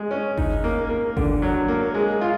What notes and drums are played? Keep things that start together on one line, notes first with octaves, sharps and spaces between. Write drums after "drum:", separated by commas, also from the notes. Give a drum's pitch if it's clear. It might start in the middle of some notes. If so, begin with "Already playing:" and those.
Already playing: G#3
C#4
D#4, drum: kick G1
A#3
A#3
D3, drum: kick G1
F#3
A#3
G#3
F4